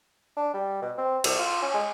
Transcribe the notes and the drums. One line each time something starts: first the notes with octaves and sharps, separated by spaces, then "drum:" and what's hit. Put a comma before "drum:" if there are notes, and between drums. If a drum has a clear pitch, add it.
D4
G3
B2
C4
C2, drum: cymbal
F4
C#4
G#3